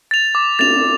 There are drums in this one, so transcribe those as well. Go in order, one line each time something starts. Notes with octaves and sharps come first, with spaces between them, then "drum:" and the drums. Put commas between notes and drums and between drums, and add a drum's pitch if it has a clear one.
A6 F7
D6
A6 F7, drum: cymbal